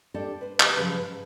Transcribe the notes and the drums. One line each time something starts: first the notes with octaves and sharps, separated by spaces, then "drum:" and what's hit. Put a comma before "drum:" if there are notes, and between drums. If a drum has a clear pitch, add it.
D4 G4 A4 A#4 D5
B4 C5
D#3 G4 A#4 B4, drum: clap
C#3 F3 F#3 G#4 B4
G#2